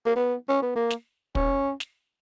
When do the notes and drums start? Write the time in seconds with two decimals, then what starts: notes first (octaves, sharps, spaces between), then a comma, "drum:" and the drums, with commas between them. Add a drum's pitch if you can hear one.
0.06 A#3
0.16 B3
0.49 C#4
0.62 B3
0.76 A#3
0.90 drum: snare
1.35 C#4, drum: kick
1.80 drum: snare